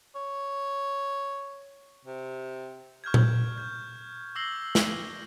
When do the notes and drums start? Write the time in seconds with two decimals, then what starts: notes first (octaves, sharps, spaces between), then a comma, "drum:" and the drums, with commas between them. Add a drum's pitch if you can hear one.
0.15 C#5
2.05 C3
3.04 C#6 F6 G6 G#6
3.14 drum: tom A#2
3.58 G6
4.35 D6 E6 A#6 C7 F#7 G7
4.75 drum: snare